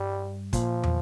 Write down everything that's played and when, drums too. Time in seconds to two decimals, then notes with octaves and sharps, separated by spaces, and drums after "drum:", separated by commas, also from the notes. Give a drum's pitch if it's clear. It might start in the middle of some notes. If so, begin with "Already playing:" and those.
Already playing: G2 G3
0.53 A#2 F3, drum: kick, hi-hat
0.84 drum: tom